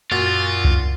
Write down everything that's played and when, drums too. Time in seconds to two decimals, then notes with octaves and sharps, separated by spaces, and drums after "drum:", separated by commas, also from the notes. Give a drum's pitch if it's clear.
0.11 F#2 A#2 F4 F#4 A6
0.64 drum: kick C2